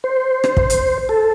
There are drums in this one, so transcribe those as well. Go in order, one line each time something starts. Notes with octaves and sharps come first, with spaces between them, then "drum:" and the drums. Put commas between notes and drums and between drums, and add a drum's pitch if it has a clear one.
C5
drum: rim click
drum: kick
drum: hi-hat
A4